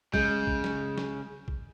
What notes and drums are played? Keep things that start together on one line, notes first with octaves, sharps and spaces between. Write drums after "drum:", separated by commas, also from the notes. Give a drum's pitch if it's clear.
C#3 G#3 G6, drum: kick
drum: kick
drum: snare
drum: snare
drum: kick